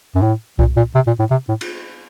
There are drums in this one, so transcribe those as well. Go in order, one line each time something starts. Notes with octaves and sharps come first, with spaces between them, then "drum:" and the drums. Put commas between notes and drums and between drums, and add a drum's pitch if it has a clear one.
F#2
A2
A#2, drum: kick C2
A#2
C3
A#2
A2
C3
A2
drum: cymbal